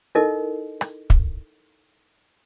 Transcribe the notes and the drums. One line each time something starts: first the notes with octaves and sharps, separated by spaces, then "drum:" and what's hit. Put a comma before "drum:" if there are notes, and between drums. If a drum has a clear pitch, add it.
D#4 E4 A4 A#4 D#5
drum: rim click
drum: kick